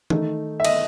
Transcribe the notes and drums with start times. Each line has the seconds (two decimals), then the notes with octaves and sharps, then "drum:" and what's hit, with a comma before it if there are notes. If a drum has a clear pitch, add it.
0.10 D#3 A3 D#4, drum: tom E3
0.60 E5
0.65 D#5, drum: cymbal